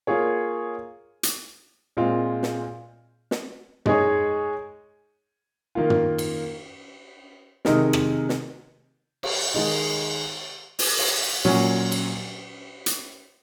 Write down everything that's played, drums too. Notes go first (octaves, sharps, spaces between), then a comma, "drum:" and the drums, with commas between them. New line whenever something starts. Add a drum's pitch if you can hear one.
A#3 F4 G#4 C#5
drum: hi-hat
A#2 G#3 C4 F4
drum: snare
drum: snare
G#3 D#4 G#4 C#5, drum: tom
D#3 A#3 F4
drum: tom
drum: cymbal
C3 D#3 G#3 D#4 A#4, drum: snare
drum: rim click
drum: snare
drum: cymbal
D#3 G#3 D#4
drum: open hi-hat
drum: cymbal
A#2 F#3 C#4 F#4
drum: cymbal
drum: hi-hat